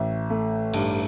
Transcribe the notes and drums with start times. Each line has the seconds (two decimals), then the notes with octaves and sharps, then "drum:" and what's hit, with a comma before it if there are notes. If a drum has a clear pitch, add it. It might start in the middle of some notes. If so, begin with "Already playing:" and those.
Already playing: A1 E5
0.30 A3
0.74 G2, drum: cymbal